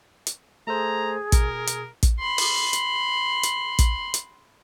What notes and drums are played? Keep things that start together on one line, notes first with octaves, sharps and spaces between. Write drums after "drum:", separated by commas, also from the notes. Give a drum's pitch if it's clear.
drum: hi-hat
A3 G#4 A4 C5 A#5
B2 A#4, drum: kick, hi-hat
drum: hi-hat
drum: kick, hi-hat
B5 C6
drum: open hi-hat
drum: hi-hat
drum: hi-hat
drum: kick, hi-hat
drum: hi-hat